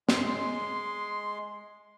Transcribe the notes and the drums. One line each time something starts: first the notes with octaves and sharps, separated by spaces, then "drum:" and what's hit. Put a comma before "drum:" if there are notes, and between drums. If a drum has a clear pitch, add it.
G#3 C6, drum: snare